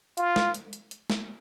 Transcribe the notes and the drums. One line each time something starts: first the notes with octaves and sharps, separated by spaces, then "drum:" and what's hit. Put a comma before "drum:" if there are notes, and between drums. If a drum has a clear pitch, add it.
F4, drum: hi-hat
drum: snare
drum: hi-hat
drum: hi-hat
drum: hi-hat
drum: snare